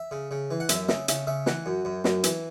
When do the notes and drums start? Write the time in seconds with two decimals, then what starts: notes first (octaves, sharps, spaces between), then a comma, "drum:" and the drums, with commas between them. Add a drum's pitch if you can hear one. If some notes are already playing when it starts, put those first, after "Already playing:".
Already playing: E5
0.11 C#3
0.31 C#3
0.51 E3
0.60 F#5
0.69 F#2 E5, drum: hi-hat
0.88 C#3 E5, drum: snare
1.08 C#3 E5, drum: hi-hat
1.27 C#3 E5
1.46 E3 F#5, drum: snare
1.66 F#2
1.85 F#2
2.04 F#2, drum: snare
2.24 E3, drum: hi-hat